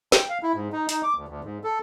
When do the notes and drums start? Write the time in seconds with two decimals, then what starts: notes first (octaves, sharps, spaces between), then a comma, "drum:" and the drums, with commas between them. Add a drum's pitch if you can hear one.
0.12 G5, drum: snare
0.29 F5
0.43 E4
0.54 G#2
0.73 D#4
0.89 D#4, drum: hi-hat
1.03 D6
1.16 D2
1.28 D2
1.44 G#2
1.64 A4